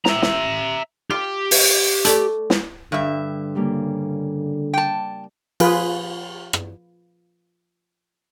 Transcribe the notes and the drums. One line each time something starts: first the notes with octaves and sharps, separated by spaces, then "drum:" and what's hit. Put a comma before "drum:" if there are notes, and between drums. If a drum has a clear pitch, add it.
E5 A#5, drum: snare
drum: snare
F4 G4
drum: open hi-hat
A3 D5, drum: hi-hat
drum: snare
G2 D3 G3 E5
C#3 G3 A#3
D4 G5 A5
F3 F4 G#4 B4, drum: cymbal
drum: rim click